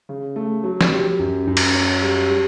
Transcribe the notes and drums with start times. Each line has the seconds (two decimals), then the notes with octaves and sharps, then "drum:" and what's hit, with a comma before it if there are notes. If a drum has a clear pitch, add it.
0.09 C#3
0.36 A3
0.64 F#3
0.81 drum: snare
0.91 G4
1.19 F#2
1.47 F#2
1.57 drum: cymbal
1.74 C#4
2.02 G3
2.30 G3